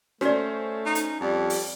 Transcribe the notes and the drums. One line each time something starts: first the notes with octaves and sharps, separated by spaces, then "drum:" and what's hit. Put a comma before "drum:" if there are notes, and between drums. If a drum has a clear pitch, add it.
A3 C#4 F#4 C5 D5, drum: snare
D#4
drum: hi-hat
F2 G3
drum: open hi-hat